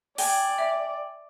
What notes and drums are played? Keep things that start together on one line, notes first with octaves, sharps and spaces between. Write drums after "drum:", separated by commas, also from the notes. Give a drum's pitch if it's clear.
D5 G5 G#5, drum: open hi-hat
E5